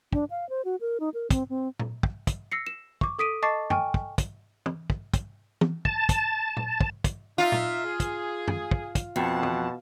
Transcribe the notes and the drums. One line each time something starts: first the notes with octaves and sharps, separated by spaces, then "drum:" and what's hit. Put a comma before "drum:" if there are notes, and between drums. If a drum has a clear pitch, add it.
D4, drum: kick
F5
C5
F#4
A#4
D#4
A#4
C4, drum: kick, hi-hat
C4
drum: tom A#2
drum: kick
drum: kick, hi-hat
E6 A#6 C7 C#7
E7
C#6 D6, drum: kick
A4 D#6 B6 D7 D#7
D#5 A5 C#6 D6 A6 C7
G5 G#5 C#6 F6, drum: tom F#2
drum: kick
drum: kick, hi-hat
drum: tom
drum: kick
drum: kick, hi-hat
drum: tom
A5, drum: kick
drum: kick, hi-hat
drum: tom A#2
drum: kick
drum: kick, hi-hat
D#4 F4 E5
drum: tom A#2
G#4
drum: kick, hi-hat
drum: tom F#2
drum: kick
drum: kick, hi-hat
F2 B2 C4 F#5 A5
drum: tom